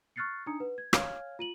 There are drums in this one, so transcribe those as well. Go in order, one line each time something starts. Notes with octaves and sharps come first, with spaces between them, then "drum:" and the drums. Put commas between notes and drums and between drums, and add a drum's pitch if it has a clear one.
C#6 F6 F#6 A6 C7 C#7
D4 D#4 A#5 D#6 C#7
B4 F#5
G#6
C#5 F5 G#5 F6 G#6, drum: rim click
F4 D#7 F#7